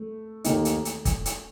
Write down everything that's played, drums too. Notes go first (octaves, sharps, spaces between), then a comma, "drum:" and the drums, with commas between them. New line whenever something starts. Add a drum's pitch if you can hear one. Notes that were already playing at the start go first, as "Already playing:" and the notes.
Already playing: A3
D#2 D#3 A3 A#3 D#4, drum: hi-hat
drum: hi-hat
drum: hi-hat
drum: kick, hi-hat
drum: hi-hat